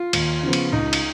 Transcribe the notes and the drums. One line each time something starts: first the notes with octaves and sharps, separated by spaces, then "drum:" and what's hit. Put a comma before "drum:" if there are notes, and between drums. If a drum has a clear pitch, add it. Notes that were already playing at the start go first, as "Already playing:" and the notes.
Already playing: F4
D#2, drum: cymbal
C#3 F3 B3
drum: cymbal
C#2 D#4
drum: cymbal